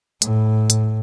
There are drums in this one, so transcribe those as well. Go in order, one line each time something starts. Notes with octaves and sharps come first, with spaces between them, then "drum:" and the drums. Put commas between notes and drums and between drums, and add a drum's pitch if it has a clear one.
A2, drum: hi-hat
drum: hi-hat